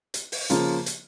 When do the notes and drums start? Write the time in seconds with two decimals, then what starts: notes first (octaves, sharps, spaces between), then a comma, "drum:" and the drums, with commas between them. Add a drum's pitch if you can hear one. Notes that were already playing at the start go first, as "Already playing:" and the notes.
0.14 drum: hi-hat
0.32 drum: open hi-hat
0.50 C#3 F3 A#3 F4, drum: hi-hat
0.86 drum: hi-hat